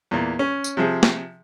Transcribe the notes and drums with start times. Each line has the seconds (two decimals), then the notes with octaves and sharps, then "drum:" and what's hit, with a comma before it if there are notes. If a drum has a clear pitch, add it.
0.11 E2 A#2
0.39 C#4
0.64 drum: tambourine
0.77 C3 F3 G#4
1.03 drum: snare